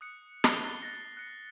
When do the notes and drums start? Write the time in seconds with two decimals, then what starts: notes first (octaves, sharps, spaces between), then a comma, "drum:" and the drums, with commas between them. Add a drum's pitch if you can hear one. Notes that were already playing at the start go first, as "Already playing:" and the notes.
0.01 D#6 F#6 C#7
0.44 C7 G7, drum: snare
0.61 F#6 A6 F7
0.83 F#6 A6 A#6
1.17 F#6 C#7